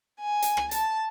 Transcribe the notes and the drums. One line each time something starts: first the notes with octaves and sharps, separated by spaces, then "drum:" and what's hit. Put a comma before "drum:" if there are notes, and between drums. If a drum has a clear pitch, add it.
G#5
drum: hi-hat
drum: rim click
A5, drum: hi-hat